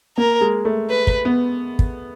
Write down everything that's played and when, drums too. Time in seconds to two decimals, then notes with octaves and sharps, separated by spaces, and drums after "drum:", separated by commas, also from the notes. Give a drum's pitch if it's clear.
0.17 A#3 A#4
0.41 G#3
0.65 A3
0.90 B4
1.07 drum: kick
1.25 B3
1.79 drum: kick